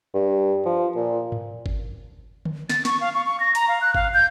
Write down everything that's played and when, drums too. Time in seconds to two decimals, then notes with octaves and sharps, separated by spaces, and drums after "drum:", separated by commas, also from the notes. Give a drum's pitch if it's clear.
0.14 G2
0.65 F3
0.96 A#2
1.32 drum: tom G#2
1.66 drum: kick G1
2.45 drum: tom D3
2.69 A6, drum: snare
2.85 C#6, drum: snare
3.01 F5
3.15 C#6
3.26 C#6
3.40 A#6
3.55 A#5, drum: hi-hat
3.68 F5
3.81 F#6
3.94 F5, drum: kick G1
4.14 G6